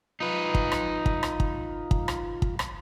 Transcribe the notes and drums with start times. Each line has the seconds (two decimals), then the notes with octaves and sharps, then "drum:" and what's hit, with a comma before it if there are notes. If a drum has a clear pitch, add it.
0.20 D#4 F4 B4
0.55 drum: kick
0.72 drum: rim click
1.06 drum: kick
1.23 drum: rim click
1.40 drum: kick
1.91 drum: kick
2.08 drum: rim click
2.42 drum: kick
2.59 drum: rim click